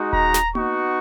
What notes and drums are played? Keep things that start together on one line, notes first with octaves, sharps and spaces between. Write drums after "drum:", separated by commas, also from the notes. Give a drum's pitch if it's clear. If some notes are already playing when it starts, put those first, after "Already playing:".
Already playing: G#3 D#4 F#4
A#5, drum: kick D#1
drum: snare
B3 D#4 F#4 C#6, drum: tom A#3